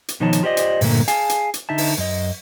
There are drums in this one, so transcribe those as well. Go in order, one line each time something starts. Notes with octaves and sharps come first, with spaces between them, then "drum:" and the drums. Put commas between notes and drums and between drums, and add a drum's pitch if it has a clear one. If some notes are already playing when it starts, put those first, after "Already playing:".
drum: hi-hat
B2 D#3 F3 D#4 C#5 A5
drum: hi-hat
F4 G4 C5 D5 D#5
drum: hi-hat
G2 A#2 D3 A3 A#3, drum: open hi-hat
G#4 F5 G#5 A5, drum: hi-hat
drum: hi-hat
drum: hi-hat
D3 D#4 E5 A5
drum: open hi-hat
F#2 D#5